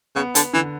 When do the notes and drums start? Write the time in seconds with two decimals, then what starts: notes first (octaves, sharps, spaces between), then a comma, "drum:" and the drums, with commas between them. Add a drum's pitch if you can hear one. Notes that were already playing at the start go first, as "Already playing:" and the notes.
0.16 C#3 B3
0.35 D3 B3, drum: hi-hat
0.53 D3 E3